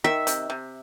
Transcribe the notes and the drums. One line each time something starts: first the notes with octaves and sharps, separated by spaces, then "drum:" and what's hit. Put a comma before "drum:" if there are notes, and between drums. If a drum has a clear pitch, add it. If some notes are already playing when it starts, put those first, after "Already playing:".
D#3 E5
C3, drum: hi-hat
C3